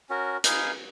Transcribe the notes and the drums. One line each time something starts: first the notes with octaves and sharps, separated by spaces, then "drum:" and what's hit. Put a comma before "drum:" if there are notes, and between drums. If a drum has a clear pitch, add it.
C#4 F#4 A#4
D#4 G#4 B4 F5, drum: hi-hat